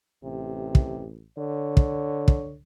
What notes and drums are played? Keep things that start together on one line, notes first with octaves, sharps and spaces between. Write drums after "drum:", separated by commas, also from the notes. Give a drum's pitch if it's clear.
A1 C3
drum: kick
D3 C#5
drum: kick
drum: kick